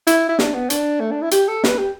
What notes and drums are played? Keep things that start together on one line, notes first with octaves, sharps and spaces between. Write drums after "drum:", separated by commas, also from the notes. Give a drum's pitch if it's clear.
E4, drum: hi-hat
E4
D4, drum: snare
B3
D4, drum: hi-hat
A3
D4
E4
G4, drum: hi-hat
A4
B4, drum: snare
G4